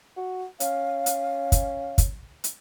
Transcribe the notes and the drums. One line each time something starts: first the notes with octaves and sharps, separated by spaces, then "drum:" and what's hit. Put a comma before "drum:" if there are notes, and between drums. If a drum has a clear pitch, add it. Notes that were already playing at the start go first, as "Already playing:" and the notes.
F#4
C#4 F5, drum: hi-hat
drum: hi-hat
drum: kick, hi-hat
drum: kick, hi-hat
drum: hi-hat